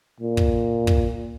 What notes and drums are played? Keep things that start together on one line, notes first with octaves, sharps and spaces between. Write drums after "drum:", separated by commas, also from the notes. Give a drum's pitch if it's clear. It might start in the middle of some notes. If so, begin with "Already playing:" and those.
A#2
drum: kick
drum: kick